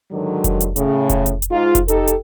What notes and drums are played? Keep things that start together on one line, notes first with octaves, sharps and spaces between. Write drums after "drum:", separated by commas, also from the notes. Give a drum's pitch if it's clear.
G#2 D3 D#3 F#3
drum: kick F1, hi-hat
drum: hi-hat
A2 C#3, drum: hi-hat
drum: kick F1, hi-hat
drum: hi-hat
drum: hi-hat
G#2 F4
drum: kick F1, hi-hat
D#4 G4 A4, drum: hi-hat
drum: hi-hat